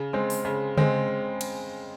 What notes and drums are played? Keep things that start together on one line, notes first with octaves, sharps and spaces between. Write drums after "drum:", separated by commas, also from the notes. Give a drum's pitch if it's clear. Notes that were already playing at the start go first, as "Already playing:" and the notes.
Already playing: C#3
G#3 C4
drum: open hi-hat
C#3
G#3 C4, drum: tom C#3
drum: cymbal